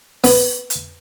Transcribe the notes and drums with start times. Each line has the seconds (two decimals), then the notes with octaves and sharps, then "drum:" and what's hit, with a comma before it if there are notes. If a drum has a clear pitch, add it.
0.24 B3, drum: open hi-hat
0.70 drum: hi-hat